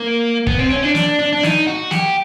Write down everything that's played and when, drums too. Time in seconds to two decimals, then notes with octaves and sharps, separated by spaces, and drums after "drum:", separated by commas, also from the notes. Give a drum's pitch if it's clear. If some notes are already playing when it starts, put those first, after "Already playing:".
Already playing: A#3
0.47 B3, drum: kick
0.58 C4
0.70 C#4
0.83 D4
0.95 D4, drum: snare
1.19 D4
1.33 D4
1.43 D#4, drum: snare
1.67 F#4
1.91 G4, drum: snare